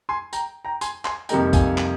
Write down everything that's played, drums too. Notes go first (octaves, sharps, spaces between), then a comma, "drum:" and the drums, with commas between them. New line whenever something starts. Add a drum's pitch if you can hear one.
G#5 C6
G5 A#5, drum: tambourine
G5 A#5
G#5 C6, drum: tambourine
G#5 C6, drum: clap
F2 C3 G3 A#3 D#4 G5 A#5, drum: tambourine
F5 G#5, drum: kick B1, tambourine
drum: clap